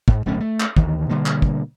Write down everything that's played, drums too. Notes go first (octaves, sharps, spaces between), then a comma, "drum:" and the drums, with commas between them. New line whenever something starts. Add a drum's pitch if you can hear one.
G#2, drum: kick
D1 B1 A3 C#4
A3
drum: clap
D2 D#3 E3, drum: kick
B2 D3 G3 A#3
drum: clap
drum: kick